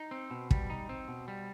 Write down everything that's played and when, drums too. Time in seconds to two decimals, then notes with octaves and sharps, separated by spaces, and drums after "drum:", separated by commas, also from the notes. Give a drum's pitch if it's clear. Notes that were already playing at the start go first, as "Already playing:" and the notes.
Already playing: D#4
0.11 C4
0.31 B2
0.51 G3, drum: kick
0.70 D#4
0.89 C4
1.08 B2
1.28 G3